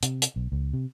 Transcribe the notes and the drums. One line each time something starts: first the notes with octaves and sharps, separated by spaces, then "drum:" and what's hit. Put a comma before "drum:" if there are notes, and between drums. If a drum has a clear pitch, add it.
C3, drum: hi-hat
drum: hi-hat
B1
C#2
C3